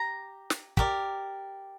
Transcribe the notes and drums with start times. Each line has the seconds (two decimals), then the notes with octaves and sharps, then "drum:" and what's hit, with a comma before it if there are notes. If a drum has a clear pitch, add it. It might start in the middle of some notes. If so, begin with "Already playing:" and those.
Already playing: G4 A#5
0.50 drum: snare
0.77 G4 A#4 D5, drum: kick